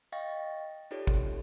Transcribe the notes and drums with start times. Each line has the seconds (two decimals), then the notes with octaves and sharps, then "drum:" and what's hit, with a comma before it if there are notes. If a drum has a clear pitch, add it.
0.12 D#5 F5 G5 C#6 A6 A#6
0.91 D#4 F4 G4 A4 C#5 D5
1.07 drum: kick